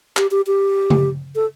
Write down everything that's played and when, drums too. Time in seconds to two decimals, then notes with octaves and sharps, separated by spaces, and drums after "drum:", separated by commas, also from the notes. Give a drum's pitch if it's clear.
0.17 G4, drum: clap
0.31 G4
0.47 G4
0.90 drum: tom C#3
1.35 A4